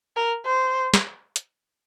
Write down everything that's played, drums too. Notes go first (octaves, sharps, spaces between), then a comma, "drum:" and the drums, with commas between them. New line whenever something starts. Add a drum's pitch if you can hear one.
A#4
C5
drum: snare
drum: hi-hat